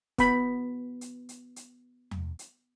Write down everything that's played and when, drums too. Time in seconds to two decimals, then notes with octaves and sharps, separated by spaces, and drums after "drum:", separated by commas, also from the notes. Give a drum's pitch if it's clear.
0.18 B3 B5, drum: kick, hi-hat
1.01 drum: hi-hat
1.29 drum: hi-hat
1.56 drum: hi-hat
2.11 drum: tom E2
2.39 drum: hi-hat